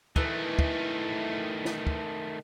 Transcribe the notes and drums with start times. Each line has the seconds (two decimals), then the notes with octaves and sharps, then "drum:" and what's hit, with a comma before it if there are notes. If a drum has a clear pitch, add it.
0.16 D#3 E3 A3, drum: kick
0.59 drum: kick
1.65 drum: snare
1.87 drum: kick